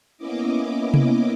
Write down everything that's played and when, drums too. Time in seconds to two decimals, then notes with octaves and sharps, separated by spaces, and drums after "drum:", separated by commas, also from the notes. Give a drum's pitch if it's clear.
0.17 A#3 B3 C#4 E4 D#5 D6
0.94 drum: tom C3